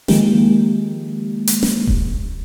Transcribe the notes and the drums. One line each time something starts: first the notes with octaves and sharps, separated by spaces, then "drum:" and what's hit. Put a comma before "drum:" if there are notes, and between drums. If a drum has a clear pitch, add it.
D#3 F3 G#3 A#3 G4, drum: snare
drum: hi-hat
drum: snare
drum: kick D#1